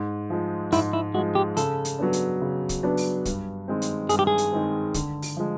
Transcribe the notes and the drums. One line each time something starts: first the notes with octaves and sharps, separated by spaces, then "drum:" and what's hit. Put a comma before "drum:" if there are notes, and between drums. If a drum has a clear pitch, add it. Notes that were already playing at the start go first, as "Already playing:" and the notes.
Already playing: G#2
F3 G#3
G#2 E4, drum: open hi-hat
E4
F3 G#3 F#4
G4
C#3 A4, drum: hi-hat
drum: hi-hat
F#3 B3 D4
drum: hi-hat
C#3
drum: kick, hi-hat
F#3 B3 D4
drum: open hi-hat
G2, drum: kick, hi-hat
D#3 G#3 C4
drum: hi-hat
G2 G#4, drum: hi-hat
G4
G#4
drum: hi-hat
D#3 G#3 C4
D3, drum: kick, hi-hat
drum: open hi-hat
F3 G#3